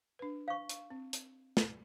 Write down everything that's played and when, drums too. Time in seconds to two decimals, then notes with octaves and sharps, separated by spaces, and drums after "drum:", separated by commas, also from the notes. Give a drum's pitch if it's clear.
0.19 D4 B4
0.48 F5 C#6
0.69 drum: hi-hat
0.90 C4
1.13 drum: hi-hat
1.57 drum: snare